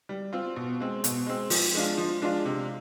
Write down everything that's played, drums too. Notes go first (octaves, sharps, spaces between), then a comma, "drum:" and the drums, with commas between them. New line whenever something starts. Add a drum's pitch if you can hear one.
G3
C4 F4
B2
G#3 C4
B2, drum: hi-hat
G#3 C4
F3, drum: open hi-hat
G#3 D4 F4
F3
G#3 D4 F4
C3